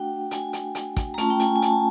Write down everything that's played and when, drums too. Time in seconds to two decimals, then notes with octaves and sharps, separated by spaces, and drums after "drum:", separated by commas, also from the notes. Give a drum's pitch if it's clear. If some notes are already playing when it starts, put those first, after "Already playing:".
Already playing: A3 D4 F#4 F#5 G5
0.31 G#5, drum: hi-hat
0.53 drum: hi-hat
0.75 drum: hi-hat
0.97 drum: kick, hi-hat
1.14 A#5
1.18 A3 C#4 F4 A5, drum: hi-hat
1.30 G5
1.40 G#5, drum: hi-hat
1.56 G#5
1.62 A5, drum: hi-hat